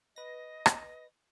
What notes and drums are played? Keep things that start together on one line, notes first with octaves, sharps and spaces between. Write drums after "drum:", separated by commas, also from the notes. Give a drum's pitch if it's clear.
B4 D#5 A#6
drum: rim click